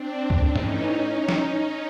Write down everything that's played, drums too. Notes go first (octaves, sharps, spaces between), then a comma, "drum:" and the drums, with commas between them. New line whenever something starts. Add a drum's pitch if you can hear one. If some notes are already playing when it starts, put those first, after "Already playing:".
Already playing: C4 D4
drum: kick C#2
A2 E3 C#4 D#4
drum: tom G2
drum: snare